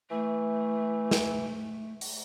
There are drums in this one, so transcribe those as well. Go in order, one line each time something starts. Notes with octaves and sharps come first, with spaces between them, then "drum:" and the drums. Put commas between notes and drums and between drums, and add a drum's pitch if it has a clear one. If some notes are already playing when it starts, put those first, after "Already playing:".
E3 A3
drum: snare
drum: open hi-hat